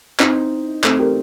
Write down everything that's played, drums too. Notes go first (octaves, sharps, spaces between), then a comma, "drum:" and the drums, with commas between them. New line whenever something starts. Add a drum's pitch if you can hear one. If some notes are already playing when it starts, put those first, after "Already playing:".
C4 D#4, drum: clap
A3 C4, drum: clap
G4 A#4